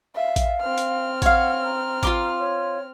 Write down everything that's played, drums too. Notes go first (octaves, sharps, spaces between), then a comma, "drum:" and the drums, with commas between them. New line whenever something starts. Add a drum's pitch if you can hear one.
E5 F5
drum: kick A1, hi-hat
C4 F6
drum: hi-hat
C#5 F5 F#5, drum: kick A1, hi-hat
A#5
F4 C6 D6, drum: kick A1, hi-hat
C#5